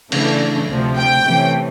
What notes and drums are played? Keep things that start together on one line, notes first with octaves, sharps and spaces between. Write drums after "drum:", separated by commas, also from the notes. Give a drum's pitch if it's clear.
C#3 E3 A3 D4, drum: cymbal
D2 C3 F3
G5
C3 E3 A3 C#4